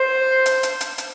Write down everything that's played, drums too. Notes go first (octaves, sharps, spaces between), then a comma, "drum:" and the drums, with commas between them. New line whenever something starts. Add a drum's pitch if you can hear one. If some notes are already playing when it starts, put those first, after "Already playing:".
Already playing: C5
drum: hi-hat
drum: hi-hat
drum: hi-hat
drum: hi-hat